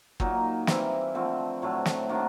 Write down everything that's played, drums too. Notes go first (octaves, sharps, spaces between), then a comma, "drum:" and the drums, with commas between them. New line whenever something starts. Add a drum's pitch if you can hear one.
A#2 F#3 A#3 D#4, drum: kick
E3 G3 C4 E4, drum: snare
D3 F3 A3 C4
A2 F#3 A3 D4
drum: snare
D#3 F#3 A#3 D4